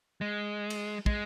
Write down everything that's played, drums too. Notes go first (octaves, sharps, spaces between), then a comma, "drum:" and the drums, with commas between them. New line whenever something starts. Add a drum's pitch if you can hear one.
G#3
drum: cymbal
G#3, drum: kick